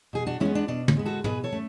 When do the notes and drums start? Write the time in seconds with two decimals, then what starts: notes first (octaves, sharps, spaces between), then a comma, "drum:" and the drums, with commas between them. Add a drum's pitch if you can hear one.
0.13 B2 G#4
0.27 D4 F#4
0.40 G#3 B3 C#4 E4
0.55 D4
0.68 B2 D4
0.88 C#4, drum: tom
0.97 G#3 B3
1.05 F#4 A4
1.24 B2 G#4 B4, drum: tom
1.44 A4 C#5
1.52 A3 C#4